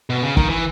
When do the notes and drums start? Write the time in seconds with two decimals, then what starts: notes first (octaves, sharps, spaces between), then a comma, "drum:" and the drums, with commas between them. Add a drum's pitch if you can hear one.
0.10 B2
0.23 C#3
0.37 D#3, drum: kick
0.50 E3